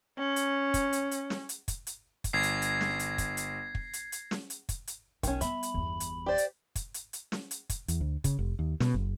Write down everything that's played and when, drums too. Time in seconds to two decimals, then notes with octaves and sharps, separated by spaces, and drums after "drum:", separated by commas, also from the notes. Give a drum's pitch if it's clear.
0.18 C#4
0.36 drum: hi-hat
0.74 drum: kick, hi-hat
0.93 drum: hi-hat
1.11 drum: hi-hat
1.30 drum: snare
1.49 drum: hi-hat
1.68 drum: kick, hi-hat
1.87 drum: hi-hat
2.24 drum: kick, hi-hat
2.33 G1 G#6 A#6 C7
2.43 drum: hi-hat
2.62 drum: hi-hat
2.81 drum: snare
2.99 drum: hi-hat
3.18 drum: kick, hi-hat
3.37 drum: hi-hat
3.75 drum: kick
3.93 drum: hi-hat
4.12 drum: hi-hat
4.31 drum: snare
4.50 drum: hi-hat
4.69 drum: kick, hi-hat
4.87 drum: hi-hat
5.23 B1 D#3 C#4, drum: kick, hi-hat
5.41 G3 B3 E5 B5, drum: hi-hat
5.63 drum: hi-hat
5.74 G1 E2
6.00 drum: hi-hat
6.26 G4 C5 D5
6.38 drum: hi-hat
6.75 drum: kick, hi-hat
6.94 drum: hi-hat
7.13 drum: hi-hat
7.32 drum: snare
7.51 drum: hi-hat
7.70 drum: kick, hi-hat
7.88 E2, drum: hi-hat
8.01 D2
8.24 C#3, drum: kick, hi-hat
8.39 F1
8.59 D#2
8.80 B2, drum: snare
8.94 F#1